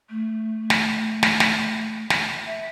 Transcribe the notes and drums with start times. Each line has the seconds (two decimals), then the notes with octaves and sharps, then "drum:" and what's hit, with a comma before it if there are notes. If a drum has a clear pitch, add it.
0.10 A3
0.70 drum: snare
1.23 drum: snare
1.40 drum: snare
2.10 drum: snare
2.45 E5